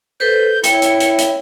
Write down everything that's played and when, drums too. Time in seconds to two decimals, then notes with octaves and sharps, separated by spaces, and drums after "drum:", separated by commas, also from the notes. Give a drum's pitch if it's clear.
0.20 A4 B4 C5 G6
0.64 E4 C#5 G5 C#7, drum: hi-hat
0.82 drum: hi-hat
1.00 drum: hi-hat
1.18 drum: hi-hat